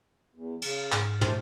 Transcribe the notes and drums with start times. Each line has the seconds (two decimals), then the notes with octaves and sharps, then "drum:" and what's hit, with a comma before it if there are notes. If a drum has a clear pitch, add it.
0.35 E2
0.62 C#3, drum: cymbal
0.92 G#2, drum: clap
1.21 A3 G4 C5, drum: tom